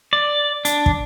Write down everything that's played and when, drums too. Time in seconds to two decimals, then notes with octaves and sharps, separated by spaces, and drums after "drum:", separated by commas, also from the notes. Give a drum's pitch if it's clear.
0.13 D5
0.65 D4, drum: hi-hat
0.86 drum: kick